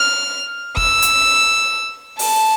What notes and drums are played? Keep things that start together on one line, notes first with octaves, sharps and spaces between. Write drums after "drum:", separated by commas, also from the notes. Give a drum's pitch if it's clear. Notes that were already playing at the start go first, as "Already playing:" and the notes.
Already playing: F6
E6, drum: kick
drum: hi-hat
A5, drum: open hi-hat